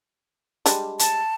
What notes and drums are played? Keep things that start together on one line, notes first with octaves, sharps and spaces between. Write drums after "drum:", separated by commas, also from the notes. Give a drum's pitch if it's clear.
G3 G#3 D4, drum: hi-hat
A5, drum: hi-hat